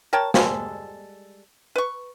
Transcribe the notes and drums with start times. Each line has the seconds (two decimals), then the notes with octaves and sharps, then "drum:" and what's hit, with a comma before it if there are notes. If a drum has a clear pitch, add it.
0.13 A#4 C#5 G5 A5
0.34 G3 G#3 A4, drum: snare
1.76 B4 C#6